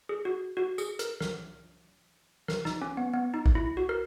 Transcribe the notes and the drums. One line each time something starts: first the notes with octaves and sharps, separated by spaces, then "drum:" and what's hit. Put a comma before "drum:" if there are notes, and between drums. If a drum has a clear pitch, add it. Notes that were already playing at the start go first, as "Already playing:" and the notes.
G#4
F#4
F#4
G#4, drum: tambourine
A#4, drum: hi-hat
A#4, drum: snare
A#4, drum: snare
D#4, drum: snare
C#4
B3
B3
D#4
drum: kick
E4
F#4
A#4